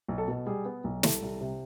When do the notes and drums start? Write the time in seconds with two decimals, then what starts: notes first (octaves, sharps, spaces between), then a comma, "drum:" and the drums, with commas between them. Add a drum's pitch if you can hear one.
0.09 B1
0.18 A4
0.28 B2
0.46 G3 G#4
0.65 B3
0.84 B1
1.03 C2 A4, drum: snare
1.22 C2
1.41 C3